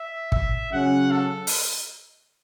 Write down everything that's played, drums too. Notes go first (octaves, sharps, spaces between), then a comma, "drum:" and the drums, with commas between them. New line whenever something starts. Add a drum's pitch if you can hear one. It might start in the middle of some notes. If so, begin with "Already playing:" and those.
Already playing: E5
E5, drum: kick
C#3 F#3 C#4 F#5
A4
drum: open hi-hat